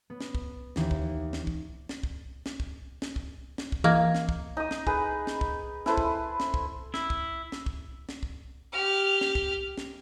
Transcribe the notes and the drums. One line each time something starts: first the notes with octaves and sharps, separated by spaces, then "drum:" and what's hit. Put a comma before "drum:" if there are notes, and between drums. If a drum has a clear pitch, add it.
B3
drum: snare
drum: kick
D#2 E3, drum: snare
drum: kick
drum: snare
drum: kick
drum: snare
drum: kick
drum: snare
drum: kick
drum: snare
drum: kick
drum: snare
drum: kick
E3 A#3 D#5 G#6
drum: snare
drum: kick
D#4 D#6
drum: snare
G#4 B4, drum: kick
drum: snare
drum: kick
E4 A4 B4 C5, drum: snare
drum: kick
drum: snare
drum: kick
E4, drum: snare
drum: kick
drum: snare
drum: kick
drum: snare
drum: kick
G4 F6
drum: snare
drum: kick
drum: snare